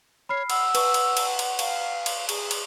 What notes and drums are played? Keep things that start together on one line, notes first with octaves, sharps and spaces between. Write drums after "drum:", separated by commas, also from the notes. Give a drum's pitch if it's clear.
C#5 B5 F6 C7
F#5 E6, drum: cymbal
B4 C#6, drum: cymbal
drum: cymbal
drum: cymbal
drum: cymbal
F5, drum: cymbal
drum: cymbal
G#4, drum: cymbal
drum: cymbal